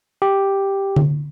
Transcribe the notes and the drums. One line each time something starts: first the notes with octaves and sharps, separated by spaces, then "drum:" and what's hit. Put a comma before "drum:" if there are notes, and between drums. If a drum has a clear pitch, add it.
G4
drum: tom D3